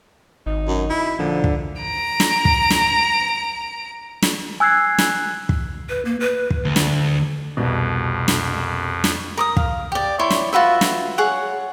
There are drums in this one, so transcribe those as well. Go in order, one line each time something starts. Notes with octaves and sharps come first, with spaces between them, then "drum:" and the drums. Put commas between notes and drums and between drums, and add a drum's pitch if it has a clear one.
G#1 D#4
F#2
E4
A#2 D3 F3
drum: kick
A#5 D7
drum: snare
drum: kick
drum: snare
drum: snare
G#5 E6 F#6 G#6 C7
drum: snare
drum: kick
B4
A#3
B4
drum: kick
D2
drum: snare
C2 F2 B2
drum: snare
drum: snare
A#4 D6 D#6
F5, drum: kick
G4 D5
E4 C#5 D5 C6
drum: snare
F4 F#4 B4 E5
drum: snare
G#4 C#5 F#5